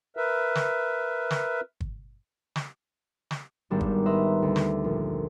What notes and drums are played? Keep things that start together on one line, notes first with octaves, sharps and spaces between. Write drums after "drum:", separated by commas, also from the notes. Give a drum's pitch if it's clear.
A#4 B4 E5
drum: snare
drum: snare
drum: kick G1
drum: snare
drum: snare
G#1 G3 B3 D4 D#4
drum: kick G1
B4 D#5 E5 A#5 C6
D2
drum: snare
A#1